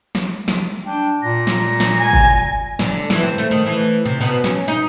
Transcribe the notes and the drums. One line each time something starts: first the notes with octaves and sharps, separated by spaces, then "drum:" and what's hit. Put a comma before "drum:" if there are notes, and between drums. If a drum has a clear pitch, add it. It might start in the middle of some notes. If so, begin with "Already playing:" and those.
drum: snare
drum: snare
D4 G5
A#2 A#6
drum: snare
drum: snare
G#5
drum: kick
D3, drum: snare
E3, drum: snare
C4
A3
D#3
E3
C3
B2
C#4, drum: snare
D#4